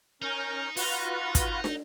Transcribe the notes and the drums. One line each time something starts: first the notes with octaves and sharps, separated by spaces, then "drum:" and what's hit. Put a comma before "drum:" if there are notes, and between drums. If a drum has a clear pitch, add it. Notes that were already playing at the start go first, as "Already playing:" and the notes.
C#4 D#4 A#4 G6
D#4 F4 F#4 B4, drum: open hi-hat
drum: kick, hi-hat
drum: snare